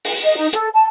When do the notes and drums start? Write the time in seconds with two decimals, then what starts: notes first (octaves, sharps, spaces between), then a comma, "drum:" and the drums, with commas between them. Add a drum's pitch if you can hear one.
0.05 drum: open hi-hat
0.24 D#5
0.37 D#4
0.53 A4, drum: hi-hat
0.74 A5